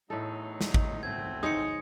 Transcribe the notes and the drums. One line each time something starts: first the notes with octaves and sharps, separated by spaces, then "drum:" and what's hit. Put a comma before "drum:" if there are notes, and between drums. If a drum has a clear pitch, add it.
E2 A2 F#3 D#4 A4
drum: snare
drum: kick G#1
B2 A3 C4 G#6
D#4 G#4 C5 C#5 D#6 C#7